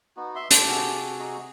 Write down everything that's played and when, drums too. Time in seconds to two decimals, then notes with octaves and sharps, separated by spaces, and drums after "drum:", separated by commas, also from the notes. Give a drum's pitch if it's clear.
0.17 B3 D#4 F#4
0.35 E5 C6
0.51 G4 A4 A5 C6, drum: hi-hat
0.67 C3 F#4 G#4
1.20 D#5 A#5 C#6